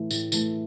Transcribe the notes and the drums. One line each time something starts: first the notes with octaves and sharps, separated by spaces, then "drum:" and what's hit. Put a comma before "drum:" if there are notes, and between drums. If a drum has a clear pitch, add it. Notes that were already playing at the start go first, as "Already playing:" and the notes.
Already playing: A2 E3 A3
A2, drum: tambourine
E3 A3, drum: tambourine